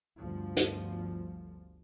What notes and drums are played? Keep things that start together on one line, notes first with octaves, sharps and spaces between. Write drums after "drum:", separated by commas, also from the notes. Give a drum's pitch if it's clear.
G1 D2 F3
drum: hi-hat